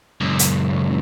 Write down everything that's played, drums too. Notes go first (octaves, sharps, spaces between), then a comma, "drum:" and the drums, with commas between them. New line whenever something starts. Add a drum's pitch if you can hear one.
C#2 F#2
drum: hi-hat